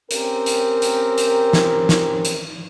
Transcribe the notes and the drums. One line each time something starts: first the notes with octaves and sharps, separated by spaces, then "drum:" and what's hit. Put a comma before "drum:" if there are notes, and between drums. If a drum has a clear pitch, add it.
C4 C#4 G4 A#4, drum: hi-hat
drum: hi-hat
drum: hi-hat
drum: hi-hat
drum: snare
drum: snare
drum: hi-hat